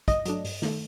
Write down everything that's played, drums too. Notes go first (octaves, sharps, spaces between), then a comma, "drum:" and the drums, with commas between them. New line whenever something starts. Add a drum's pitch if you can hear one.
G2 D#5, drum: kick, hi-hat
F#3 A3 D4, drum: hi-hat
G2, drum: open hi-hat
D#3 A3, drum: snare